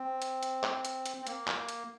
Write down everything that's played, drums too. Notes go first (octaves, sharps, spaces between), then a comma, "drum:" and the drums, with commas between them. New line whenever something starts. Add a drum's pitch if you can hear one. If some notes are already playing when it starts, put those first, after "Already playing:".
Already playing: C4
drum: hi-hat
drum: hi-hat
drum: clap
drum: hi-hat
drum: hi-hat
C4
A#3, drum: hi-hat
drum: clap
drum: hi-hat